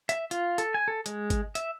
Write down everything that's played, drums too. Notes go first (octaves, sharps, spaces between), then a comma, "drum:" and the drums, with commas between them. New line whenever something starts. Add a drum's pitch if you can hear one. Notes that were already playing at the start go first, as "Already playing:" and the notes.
E5, drum: hi-hat
F4, drum: hi-hat
A4, drum: hi-hat
G#5
A4
G#3, drum: hi-hat
drum: kick G#1, hi-hat
E5, drum: hi-hat